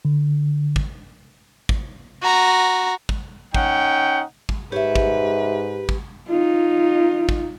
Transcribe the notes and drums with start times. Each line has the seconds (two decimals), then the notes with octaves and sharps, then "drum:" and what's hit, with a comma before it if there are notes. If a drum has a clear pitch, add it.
0.05 D3
0.76 drum: kick
1.69 drum: kick
2.22 F#4 A#5
3.09 drum: kick
3.55 C#4 D#4 F#5 G5, drum: kick
4.49 drum: kick
4.72 G#2 G4 B4 C#5 E5
4.96 drum: kick
5.89 drum: kick
6.28 D#4 F4
7.29 drum: kick